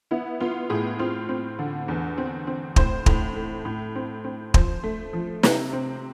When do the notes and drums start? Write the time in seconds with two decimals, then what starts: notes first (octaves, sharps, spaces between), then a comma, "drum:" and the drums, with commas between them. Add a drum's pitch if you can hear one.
0.11 B3 E4
0.40 B3 F4
0.70 A2 G#4
0.99 C4 F4
1.29 C4
1.59 D3
1.88 E2
2.18 C4
2.47 C4
2.76 A2 C5, drum: kick
3.06 A2, drum: kick
3.36 A3
3.65 A2
3.95 C4
4.24 C4
4.54 F3 C5, drum: kick
4.84 A3
5.13 F3
5.43 C3, drum: snare
5.73 C4